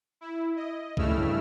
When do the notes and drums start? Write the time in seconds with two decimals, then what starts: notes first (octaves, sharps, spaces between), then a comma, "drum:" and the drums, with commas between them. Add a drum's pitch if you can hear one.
0.21 E4
0.56 D#5
0.97 G2 C#3 A3 E4 E6 F6, drum: kick B1